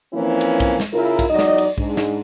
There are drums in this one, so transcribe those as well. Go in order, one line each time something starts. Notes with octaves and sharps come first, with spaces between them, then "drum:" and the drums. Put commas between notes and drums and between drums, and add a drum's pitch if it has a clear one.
E3 F3 A#3 C4 C#4 E4
drum: cymbal
drum: kick B1, cymbal
drum: snare
C#3 E4 F4 A#4
drum: kick B1, cymbal
E2 F#3 D#4 D5 D#5
drum: snare
drum: cymbal
G#2 D4, drum: kick B1
drum: snare